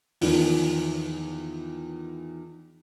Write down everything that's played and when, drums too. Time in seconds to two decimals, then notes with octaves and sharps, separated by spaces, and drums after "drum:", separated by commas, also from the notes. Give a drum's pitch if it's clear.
0.21 E2 D#3 F3, drum: open hi-hat